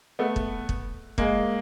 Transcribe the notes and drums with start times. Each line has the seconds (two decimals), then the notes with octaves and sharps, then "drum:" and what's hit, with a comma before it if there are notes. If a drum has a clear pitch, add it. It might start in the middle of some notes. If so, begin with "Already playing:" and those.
0.19 A3 B3
0.36 drum: kick
0.69 drum: kick
1.18 G#3 A#3, drum: kick